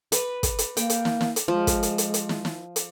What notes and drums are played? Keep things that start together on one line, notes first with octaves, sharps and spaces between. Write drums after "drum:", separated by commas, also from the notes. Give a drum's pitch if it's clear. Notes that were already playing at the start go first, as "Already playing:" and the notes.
B4, drum: hi-hat
drum: kick, hi-hat
drum: hi-hat
A#3 G5, drum: hi-hat
drum: hi-hat
drum: snare
drum: snare
drum: hi-hat
F3 G#3
drum: kick, hi-hat
drum: hi-hat
drum: hi-hat
drum: hi-hat
drum: snare
drum: snare
drum: hi-hat